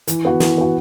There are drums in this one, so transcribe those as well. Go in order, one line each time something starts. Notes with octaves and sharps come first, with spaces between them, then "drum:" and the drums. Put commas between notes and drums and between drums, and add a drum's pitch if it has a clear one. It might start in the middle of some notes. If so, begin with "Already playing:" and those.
E3, drum: hi-hat
B3 F#4
E3, drum: snare
B3 F#4